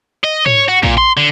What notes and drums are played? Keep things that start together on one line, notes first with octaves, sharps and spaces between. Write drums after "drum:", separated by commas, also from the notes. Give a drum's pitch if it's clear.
D#5
C#5, drum: tom
F#4
A#2, drum: kick A#1
C6
D3